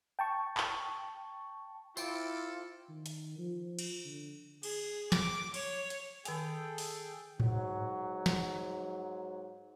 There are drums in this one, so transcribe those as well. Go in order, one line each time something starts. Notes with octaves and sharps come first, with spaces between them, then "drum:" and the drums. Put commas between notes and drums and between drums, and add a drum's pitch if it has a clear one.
G5 A5 C#6
drum: clap
E4 F4 A4 C5 G5 D6, drum: tambourine
D#3
drum: hi-hat
F3
drum: cymbal
D3
G#4, drum: cymbal
D6, drum: snare
C#5, drum: cymbal
drum: hi-hat
D#3 G#4 A4 G5 G#5, drum: hi-hat
drum: open hi-hat
G#2 F#3, drum: tom G#2
drum: snare